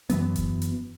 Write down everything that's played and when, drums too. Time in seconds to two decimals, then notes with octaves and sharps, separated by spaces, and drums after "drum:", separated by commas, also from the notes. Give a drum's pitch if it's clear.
0.10 F#2 E3 F#3 B3, drum: hi-hat
0.36 drum: kick F1, hi-hat
0.62 drum: hi-hat